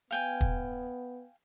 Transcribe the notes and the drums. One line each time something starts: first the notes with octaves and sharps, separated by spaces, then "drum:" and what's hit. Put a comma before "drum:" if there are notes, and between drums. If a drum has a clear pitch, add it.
B3 F5 G5 G#5
drum: kick